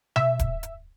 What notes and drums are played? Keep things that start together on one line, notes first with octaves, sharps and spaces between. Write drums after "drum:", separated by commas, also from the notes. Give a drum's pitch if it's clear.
E5, drum: tom B2
drum: kick D1, hi-hat
drum: hi-hat